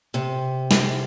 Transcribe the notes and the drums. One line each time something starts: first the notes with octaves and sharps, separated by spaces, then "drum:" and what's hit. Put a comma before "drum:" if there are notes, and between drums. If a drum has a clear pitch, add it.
C3
drum: snare